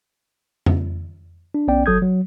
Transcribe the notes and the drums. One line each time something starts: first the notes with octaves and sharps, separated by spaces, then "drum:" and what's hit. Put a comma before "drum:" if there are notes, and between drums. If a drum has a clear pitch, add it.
drum: tom F2
D4
B1 B3 C#4 D5 G5
G1 F#3 A4 D#6 G6 G#6
F#3